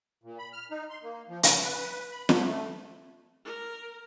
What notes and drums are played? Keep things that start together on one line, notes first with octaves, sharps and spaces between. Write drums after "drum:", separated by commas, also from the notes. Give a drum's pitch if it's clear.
A#2
B5
F6
D#4
C6
A#3
F3
C#4, drum: hi-hat
B4
B5
A3, drum: snare
A#4